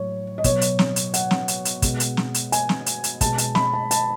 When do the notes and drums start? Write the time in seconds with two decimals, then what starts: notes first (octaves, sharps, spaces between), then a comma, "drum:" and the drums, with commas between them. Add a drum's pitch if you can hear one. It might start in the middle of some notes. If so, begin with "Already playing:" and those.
Already playing: A2 F#3 C#5
0.38 D#5
0.44 B2 F#3 C#5, drum: kick, hi-hat
0.61 drum: hi-hat
0.79 drum: snare
0.96 drum: hi-hat
1.14 F#5, drum: hi-hat
1.31 drum: snare
1.48 drum: hi-hat
1.65 drum: hi-hat
1.82 B2 G#3, drum: kick, hi-hat
2.00 drum: hi-hat
2.17 drum: snare
2.34 drum: hi-hat
2.52 G#5, drum: hi-hat
2.69 drum: snare
2.86 drum: hi-hat
3.04 drum: hi-hat
3.21 B2 G#3 A5, drum: kick, hi-hat
3.38 A5, drum: hi-hat
3.55 B5, drum: snare
3.73 A5
3.91 A5, drum: hi-hat